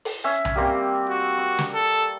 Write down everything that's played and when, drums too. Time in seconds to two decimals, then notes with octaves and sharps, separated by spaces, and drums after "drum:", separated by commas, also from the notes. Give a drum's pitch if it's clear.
0.05 drum: open hi-hat
0.24 C#4 E5 G#5
0.45 drum: tom B1
0.56 G3 A#3 C4
1.09 F#4
1.38 C#6
1.59 drum: snare
1.75 A4